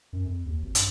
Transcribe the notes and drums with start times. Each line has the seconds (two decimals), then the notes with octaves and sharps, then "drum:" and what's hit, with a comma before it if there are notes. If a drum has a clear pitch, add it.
0.13 F#2
0.26 F2
0.46 D#2
0.62 G#1
0.75 G2, drum: hi-hat